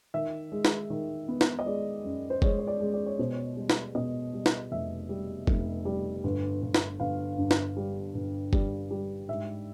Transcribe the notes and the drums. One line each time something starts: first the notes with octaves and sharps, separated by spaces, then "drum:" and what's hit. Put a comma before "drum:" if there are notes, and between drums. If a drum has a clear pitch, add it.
D#3 E5
G#3
drum: snare
D#3
B3
drum: snare
D#5
G#3 D5
F#2
C5
G#3 C#5, drum: kick
C#5
D5
G#3
D5
C#5
B2 C5
C#5
G3
drum: snare
B2 D#5
G3
drum: snare
F1 E5
G3
F1, drum: kick
G3
G1
G1
drum: snare
G1 F5
G2
drum: snare
G3
G1
G3, drum: kick
G3
G#2 E5